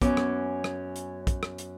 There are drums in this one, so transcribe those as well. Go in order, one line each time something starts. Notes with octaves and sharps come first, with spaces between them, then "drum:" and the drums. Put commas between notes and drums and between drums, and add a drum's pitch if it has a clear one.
F#2 B3 C#4 D6, drum: kick, hi-hat
drum: rim click
drum: rim click
drum: hi-hat
drum: kick, hi-hat
drum: rim click
drum: hi-hat